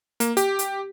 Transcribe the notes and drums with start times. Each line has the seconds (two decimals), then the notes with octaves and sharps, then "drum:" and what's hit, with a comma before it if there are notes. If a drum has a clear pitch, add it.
0.20 A#3, drum: hi-hat
0.37 G4, drum: hi-hat
0.59 drum: hi-hat